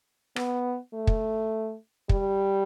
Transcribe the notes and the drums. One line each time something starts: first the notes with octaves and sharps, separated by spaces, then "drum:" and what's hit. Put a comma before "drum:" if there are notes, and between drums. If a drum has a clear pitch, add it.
B3, drum: rim click
A3
drum: kick
G3, drum: kick